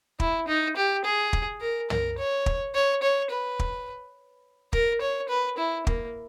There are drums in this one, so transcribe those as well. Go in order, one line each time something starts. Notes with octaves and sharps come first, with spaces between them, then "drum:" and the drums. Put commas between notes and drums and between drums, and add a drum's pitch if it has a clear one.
E4, drum: kick
D#4
G4
G#4
drum: kick
A#4
A#4, drum: tom
C#5
drum: kick
C#5
C#5
B4
drum: kick
A#4, drum: kick
C#5
B4
E4
A#3, drum: kick